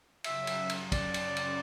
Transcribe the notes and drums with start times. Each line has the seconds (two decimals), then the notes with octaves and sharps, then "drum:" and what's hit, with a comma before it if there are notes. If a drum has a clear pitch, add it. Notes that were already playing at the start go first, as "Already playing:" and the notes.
0.24 F#2 C#3 F#3 E5, drum: cymbal
0.47 drum: cymbal
0.69 drum: cymbal
0.92 D5, drum: kick, cymbal
1.14 drum: cymbal
1.37 drum: cymbal